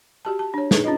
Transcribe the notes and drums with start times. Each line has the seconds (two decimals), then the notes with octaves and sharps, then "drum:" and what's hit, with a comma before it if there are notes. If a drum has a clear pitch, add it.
0.25 F#4 G4 A5
0.39 A5
0.54 D4 C#5
0.71 D#4 G#4 B4, drum: snare
0.84 C#4 D4 F4 D#5